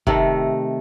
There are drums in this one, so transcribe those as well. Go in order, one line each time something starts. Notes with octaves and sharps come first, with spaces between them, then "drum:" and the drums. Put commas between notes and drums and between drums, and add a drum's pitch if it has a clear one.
C3 D#3 A3, drum: kick